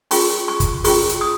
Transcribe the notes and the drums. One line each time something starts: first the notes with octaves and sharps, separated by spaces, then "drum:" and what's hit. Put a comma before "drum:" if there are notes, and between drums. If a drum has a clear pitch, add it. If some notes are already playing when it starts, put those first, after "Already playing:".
C#4 F4 G#4 C#6, drum: open hi-hat
C#6
drum: kick, hi-hat
C#4 F4 G#4 C#6, drum: open hi-hat
drum: hi-hat
D#6